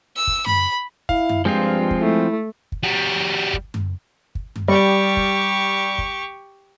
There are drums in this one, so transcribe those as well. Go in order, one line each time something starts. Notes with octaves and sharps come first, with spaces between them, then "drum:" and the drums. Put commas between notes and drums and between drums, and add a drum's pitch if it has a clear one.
E6
drum: kick
B5, drum: tom F#2
E4 F5, drum: kick
drum: tom F#2
G2 F3 G#3 C4 F4
drum: kick
A3 E4
drum: kick
G3 F#4
drum: kick
drum: tom F#2
drum: kick
drum: tom F#2
G3 G4 C#6
drum: kick
drum: kick